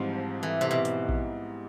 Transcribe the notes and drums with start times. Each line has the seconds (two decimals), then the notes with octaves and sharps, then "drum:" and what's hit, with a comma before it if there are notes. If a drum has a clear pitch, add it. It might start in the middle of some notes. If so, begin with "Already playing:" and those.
Already playing: G#2 E3 F3 G3 C4 D#4
0.43 E3
0.61 C3
0.71 B2
0.85 drum: hi-hat
1.09 drum: kick A#1